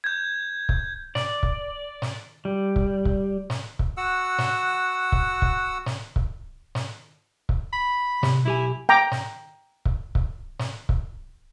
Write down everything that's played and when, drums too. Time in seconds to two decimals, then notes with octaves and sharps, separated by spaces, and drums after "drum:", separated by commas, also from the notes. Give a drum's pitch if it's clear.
0.04 G6 G#6
0.69 drum: kick C#1
1.15 D5, drum: snare
1.43 drum: kick C#1
2.02 drum: snare
2.45 G3
2.76 drum: kick C#1
3.05 drum: kick C#1
3.50 drum: snare
3.79 drum: kick C#1
3.97 F#4 F#5 E6
4.38 drum: snare
5.12 drum: kick C#1
5.42 drum: kick C#1
5.86 drum: snare
6.16 drum: kick C#1
6.75 drum: snare
7.49 drum: kick C#1
7.73 B5
8.23 C3, drum: snare
8.45 B1 E4 G4 G#5
8.89 G5 A#5 D6
9.12 drum: snare
9.85 drum: kick C#1
10.15 drum: kick C#1
10.59 drum: snare
10.89 drum: kick C#1